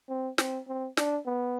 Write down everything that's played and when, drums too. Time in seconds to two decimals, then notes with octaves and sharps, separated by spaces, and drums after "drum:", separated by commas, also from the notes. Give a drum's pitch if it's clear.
0.09 C4
0.38 C4, drum: snare
0.68 C4
0.97 D4, drum: snare
1.26 B3